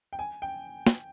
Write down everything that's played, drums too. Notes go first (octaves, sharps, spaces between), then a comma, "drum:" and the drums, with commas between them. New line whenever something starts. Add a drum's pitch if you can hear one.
G5
G#5
G5
drum: snare